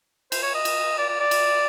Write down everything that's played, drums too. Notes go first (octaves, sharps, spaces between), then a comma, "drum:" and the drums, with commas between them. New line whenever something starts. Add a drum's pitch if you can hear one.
C5, drum: cymbal
C#5
D#5
drum: cymbal
D5
D5
D5
drum: cymbal